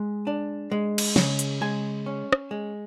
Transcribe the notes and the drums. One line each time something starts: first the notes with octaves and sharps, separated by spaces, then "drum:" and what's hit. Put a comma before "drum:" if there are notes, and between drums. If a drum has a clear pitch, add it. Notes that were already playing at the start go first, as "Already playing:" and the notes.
Already playing: G#3
D4
G#3
drum: cymbal
C#3, drum: snare
drum: hi-hat
G#3 G#5
C#4
drum: rim click
G#3